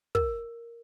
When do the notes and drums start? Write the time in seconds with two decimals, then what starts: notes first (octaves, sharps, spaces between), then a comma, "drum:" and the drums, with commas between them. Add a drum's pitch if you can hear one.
0.15 A#4, drum: kick